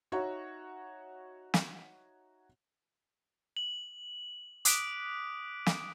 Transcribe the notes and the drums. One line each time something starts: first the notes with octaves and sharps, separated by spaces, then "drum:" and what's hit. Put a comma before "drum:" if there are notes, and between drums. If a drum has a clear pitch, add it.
D#4 F#4 C#5 E5 A#5
drum: snare
F#7
D6 D#6 F#6 B6 D7, drum: hi-hat
drum: snare